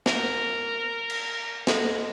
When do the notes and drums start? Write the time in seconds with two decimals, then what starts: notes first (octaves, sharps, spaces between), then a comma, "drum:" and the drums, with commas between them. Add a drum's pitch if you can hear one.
0.06 A#4, drum: snare
1.10 drum: cymbal
1.67 G#3 A#3 A4, drum: snare